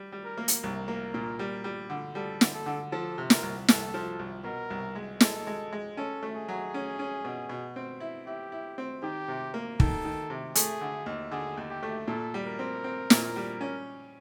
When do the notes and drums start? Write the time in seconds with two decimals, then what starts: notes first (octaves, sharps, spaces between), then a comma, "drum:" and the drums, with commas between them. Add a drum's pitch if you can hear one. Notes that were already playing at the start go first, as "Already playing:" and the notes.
Already playing: G3
0.12 G3
0.24 A#4
0.38 A#3
0.48 drum: hi-hat
0.63 C2 A#4
0.88 A#3
1.14 A#2
1.39 G3
1.64 G3
1.90 D3
2.15 G3 A4
2.41 D3, drum: snare
2.54 A4
2.66 D3
2.92 F3 A4
3.18 C3
3.30 A#4, drum: snare
3.43 C2
3.68 C2 A4, drum: snare
3.94 F3
4.19 C2
4.44 B2 A#4
4.70 C2
4.95 G#3
5.20 G#3 A4, drum: snare
5.47 G#3
5.72 G#3
5.97 C#4 A4
6.23 A3
6.35 G#4
6.48 F#3
6.74 C#4
6.99 C#4
7.25 B2
7.50 B2
7.76 C4
8.00 E4
8.26 E4 G4
8.52 E4
8.78 C4
9.03 D#3 G4
9.28 C3
9.54 A#3
9.80 D#3 A4, drum: kick
10.05 D#3
10.30 C3
10.55 A3 G#4, drum: hi-hat
10.81 D3
11.06 D#2
11.32 D3 G#4
11.57 D#2
11.70 G4
11.83 A3
12.08 A#2 A4
12.34 G3
12.46 A#4
12.59 C4
12.84 C4
13.10 A#2, drum: snare
13.36 G3
13.61 C#4